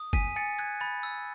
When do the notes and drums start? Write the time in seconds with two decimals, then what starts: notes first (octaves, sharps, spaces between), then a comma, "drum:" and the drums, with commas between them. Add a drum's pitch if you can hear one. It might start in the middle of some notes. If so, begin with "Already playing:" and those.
Already playing: D#6
0.13 G#5 B6 D#7, drum: kick
0.36 G#5 A6 C#7
0.59 F#6 G#6
0.81 B5 A6
1.03 E6